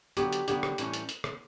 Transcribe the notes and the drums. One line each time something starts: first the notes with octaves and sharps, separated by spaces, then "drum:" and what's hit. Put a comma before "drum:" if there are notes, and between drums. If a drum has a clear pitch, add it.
D3 F#3 B3 G4, drum: hi-hat
drum: hi-hat
D3 F#3 B3 G4, drum: hi-hat
drum: rim click
A2 E3 G3 C#4, drum: hi-hat
drum: hi-hat
drum: hi-hat
drum: rim click